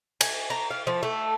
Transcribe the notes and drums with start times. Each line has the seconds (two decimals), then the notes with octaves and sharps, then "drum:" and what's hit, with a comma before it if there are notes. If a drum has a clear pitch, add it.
0.21 G#5, drum: cymbal
0.50 A#5
0.71 F5
0.87 F3
1.03 A3